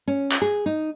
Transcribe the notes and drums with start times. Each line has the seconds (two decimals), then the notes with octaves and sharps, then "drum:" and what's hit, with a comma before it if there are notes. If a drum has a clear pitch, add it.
0.08 C#4
0.31 drum: clap
0.42 G#4
0.66 D#4